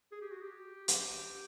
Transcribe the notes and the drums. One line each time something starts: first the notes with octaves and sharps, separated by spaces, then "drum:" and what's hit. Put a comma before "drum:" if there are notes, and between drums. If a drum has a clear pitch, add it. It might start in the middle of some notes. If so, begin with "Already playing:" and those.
G#4
G4
F#4
G4
G4, drum: hi-hat